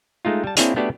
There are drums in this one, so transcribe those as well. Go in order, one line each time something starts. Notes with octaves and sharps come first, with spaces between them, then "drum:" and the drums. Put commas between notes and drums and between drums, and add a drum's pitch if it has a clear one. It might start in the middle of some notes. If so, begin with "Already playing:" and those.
G#3 A3 D#4 F4
G3 A5
A#3 C4 D4 E4 G#4 C#5, drum: hi-hat
A3 B3 D4 F#4 G4 D5